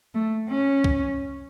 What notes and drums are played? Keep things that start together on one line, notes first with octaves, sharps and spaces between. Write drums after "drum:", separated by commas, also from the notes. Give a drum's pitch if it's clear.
A3
C#4
drum: kick